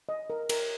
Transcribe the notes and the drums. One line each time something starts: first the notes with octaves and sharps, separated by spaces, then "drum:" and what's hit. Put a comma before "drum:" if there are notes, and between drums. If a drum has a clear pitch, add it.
D#5
A#4
A#4, drum: cymbal